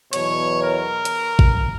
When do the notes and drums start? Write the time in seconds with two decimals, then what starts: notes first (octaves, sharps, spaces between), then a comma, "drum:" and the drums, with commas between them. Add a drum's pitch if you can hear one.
0.13 E2 B2 F#3 C#5, drum: hi-hat
0.64 A#4
1.05 drum: hi-hat
1.39 drum: kick A1